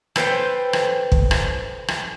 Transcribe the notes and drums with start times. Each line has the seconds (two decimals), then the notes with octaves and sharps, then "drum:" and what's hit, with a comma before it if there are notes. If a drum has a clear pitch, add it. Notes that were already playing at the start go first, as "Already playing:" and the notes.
0.16 A4 B4 C5 G5, drum: rim click
0.73 drum: rim click
1.12 drum: kick
1.31 drum: rim click
1.88 drum: rim click